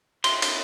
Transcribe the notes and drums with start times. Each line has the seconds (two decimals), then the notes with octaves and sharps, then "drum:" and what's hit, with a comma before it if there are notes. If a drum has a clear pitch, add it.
0.24 C6, drum: cymbal
0.42 drum: cymbal